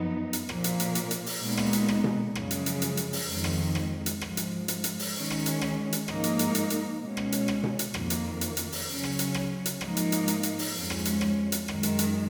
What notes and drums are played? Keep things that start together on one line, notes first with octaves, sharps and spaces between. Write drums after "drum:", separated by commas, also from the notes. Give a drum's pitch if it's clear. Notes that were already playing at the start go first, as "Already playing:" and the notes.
Already playing: F#2 F3 B3 D#4
drum: hi-hat
A#2 F3 A#3, drum: rim click
drum: hi-hat
drum: hi-hat
drum: hi-hat
drum: hi-hat
drum: open hi-hat
A#2 G#3 B3 D#4
drum: rim click
drum: hi-hat
drum: rim click
drum: tom B2
F#2 C#3 F3 G#3, drum: rim click
drum: hi-hat
drum: hi-hat
drum: hi-hat
drum: hi-hat
drum: open hi-hat
F2 D#3 G#3
drum: rim click
drum: rim click
drum: hi-hat
G#2 F3 G#3, drum: rim click
drum: hi-hat
drum: hi-hat
drum: hi-hat
drum: open hi-hat
D#3 G#3 C#4
drum: rim click
drum: hi-hat
drum: rim click
drum: hi-hat
G#2 F3 A#3 D#4, drum: rim click
drum: hi-hat
drum: hi-hat
drum: hi-hat
drum: hi-hat
B2 G#3 C#4
drum: rim click
drum: hi-hat
drum: rim click
drum: tom B2
drum: hi-hat
F2 D#3 A#3, drum: rim click
drum: hi-hat
drum: hi-hat
drum: hi-hat
drum: open hi-hat
C#3 F#3 C#4
drum: rim click
drum: hi-hat
drum: rim click
drum: hi-hat
G#2 F3 A#3 D#4, drum: rim click
drum: hi-hat
drum: hi-hat
drum: hi-hat
drum: hi-hat
drum: open hi-hat
F2 F3 G#3 C#4
drum: rim click
drum: hi-hat
drum: rim click
drum: hi-hat
F#2 D#3 G#3, drum: rim click
drum: hi-hat
drum: hi-hat